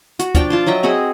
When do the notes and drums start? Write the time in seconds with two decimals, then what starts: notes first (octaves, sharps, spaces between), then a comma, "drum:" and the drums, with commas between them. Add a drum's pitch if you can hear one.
0.19 F#4, drum: hi-hat
0.35 F3 D4 G5, drum: kick, hi-hat
0.50 F4 A5 C6
0.66 F#3 D#5 E5 G5
0.83 C4 F#4 G#4 D#5